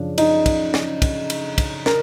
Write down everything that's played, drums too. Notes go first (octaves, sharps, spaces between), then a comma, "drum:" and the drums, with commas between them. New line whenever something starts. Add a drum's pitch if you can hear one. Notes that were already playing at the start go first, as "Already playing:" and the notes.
Already playing: F#2 C#3 F3 D4
D#4, drum: cymbal
drum: kick, cymbal
drum: snare
drum: kick, cymbal
drum: cymbal
drum: kick, cymbal
A#4, drum: snare